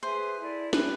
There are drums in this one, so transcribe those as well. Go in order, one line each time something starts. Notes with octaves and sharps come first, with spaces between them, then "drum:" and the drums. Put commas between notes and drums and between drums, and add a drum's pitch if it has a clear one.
G#4 B4 C5 E5 G#5
E4 A4 D5
D4 G4 B4 C5 E5, drum: snare